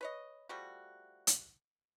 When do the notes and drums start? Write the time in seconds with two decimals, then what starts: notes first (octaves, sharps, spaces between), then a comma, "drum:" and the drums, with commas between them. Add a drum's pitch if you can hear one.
0.01 B4 C#5 D#5
0.49 F3 G3 A3 F#4
1.27 drum: hi-hat